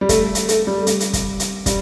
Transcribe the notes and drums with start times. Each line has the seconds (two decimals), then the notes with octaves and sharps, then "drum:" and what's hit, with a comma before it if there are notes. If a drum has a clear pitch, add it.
0.01 G3
0.09 A3, drum: kick, hi-hat
0.35 drum: hi-hat
0.49 A3, drum: hi-hat
0.67 G3
0.82 A3
0.87 G3, drum: hi-hat
1.00 drum: hi-hat
1.13 drum: kick, hi-hat
1.40 drum: hi-hat
1.66 G3, drum: kick, hi-hat